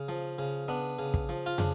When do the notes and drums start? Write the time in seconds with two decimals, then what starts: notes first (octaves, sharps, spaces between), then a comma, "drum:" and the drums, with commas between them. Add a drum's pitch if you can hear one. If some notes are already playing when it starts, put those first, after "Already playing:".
Already playing: C#3
0.09 F3
0.38 C#3
0.68 B3 D4
0.99 C#3
1.14 drum: kick
1.29 F3
1.46 F4
1.58 C#3 D4, drum: tom